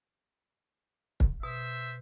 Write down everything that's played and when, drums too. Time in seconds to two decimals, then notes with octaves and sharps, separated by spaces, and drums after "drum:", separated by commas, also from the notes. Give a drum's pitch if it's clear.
1.20 drum: kick
1.43 B2 C5 E5